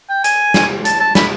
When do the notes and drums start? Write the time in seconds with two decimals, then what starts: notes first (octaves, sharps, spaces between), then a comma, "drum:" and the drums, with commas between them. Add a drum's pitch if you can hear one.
0.09 G5
0.24 G#5, drum: hi-hat
0.54 drum: snare
0.85 A5, drum: hi-hat
1.00 A5
1.15 B5, drum: snare